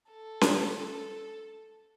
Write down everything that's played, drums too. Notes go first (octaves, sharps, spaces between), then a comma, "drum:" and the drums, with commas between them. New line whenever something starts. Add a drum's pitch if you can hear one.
A4
drum: snare C#4